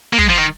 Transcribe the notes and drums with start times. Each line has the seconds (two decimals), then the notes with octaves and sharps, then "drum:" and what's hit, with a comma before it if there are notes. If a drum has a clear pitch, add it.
0.13 A#3
0.19 G#3, drum: kick
0.29 F3
0.38 D#3